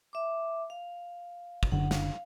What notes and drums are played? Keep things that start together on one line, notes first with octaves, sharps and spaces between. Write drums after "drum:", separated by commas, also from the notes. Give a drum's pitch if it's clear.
E5 D6
F5
drum: kick
F#1 D3 F#5
F5, drum: snare